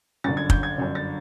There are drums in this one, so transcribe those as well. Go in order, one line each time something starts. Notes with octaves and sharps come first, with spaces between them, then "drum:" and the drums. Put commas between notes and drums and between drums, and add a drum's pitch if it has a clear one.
G1 F#2 D3 A6
G#6
G6, drum: kick
G#6
G1 F#2 D3
A6